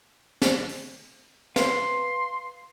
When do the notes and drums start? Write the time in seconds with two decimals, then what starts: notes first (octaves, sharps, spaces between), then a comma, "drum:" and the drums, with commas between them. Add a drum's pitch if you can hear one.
0.42 drum: snare
0.69 drum: open hi-hat
1.56 B4 F5 C6, drum: snare